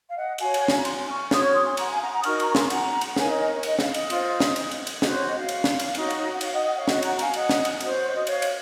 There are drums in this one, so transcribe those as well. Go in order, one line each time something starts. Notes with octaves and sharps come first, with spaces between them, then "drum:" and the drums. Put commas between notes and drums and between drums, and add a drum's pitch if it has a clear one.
F5
D#5 F#5
F#4 C#5 F5 G#5, drum: cymbal
drum: cymbal
G#5, drum: snare
A#5
G#5 C6, drum: cymbal
C#6 F6
F#4 C#5 C6 D#6, drum: snare
C#6 F6
C6 D#6
G#5 C6
F#5 A#5, drum: cymbal
F5 G#5
F#5 A#5
F#5 A#5
D#6
D#4 F#4 A#4 C#6 F6, drum: cymbal
A#5 C#6, drum: cymbal
G#5 C6, drum: snare
F#5 A#5, drum: cymbal
drum: cymbal
D#4 A#4 C#5 F5 G#5, drum: snare
D#5
D#5
C#5
D#5, drum: cymbal
C#5 F5, drum: snare
D#5, drum: cymbal
F4 C5, drum: cymbal
drum: snare
drum: cymbal
drum: cymbal
drum: cymbal
F#4 C5 D#5, drum: snare
C#5
D#5
C#5 F5
drum: cymbal
drum: snare
drum: cymbal
D#4 F#4 C#5, drum: cymbal
drum: cymbal
F#5
C#5 F5, drum: cymbal
D#5 F#5
D#5 F#5
C#5 F5
F#4 C#5 D#5 F#5, drum: snare
F#5 A#5, drum: cymbal
F5 G#5, drum: cymbal
D#5 F#5, drum: cymbal
drum: snare
drum: cymbal
F#4 C5 D#5, drum: cymbal
C#5
C#5
D#5
C#5 F5, drum: cymbal
drum: cymbal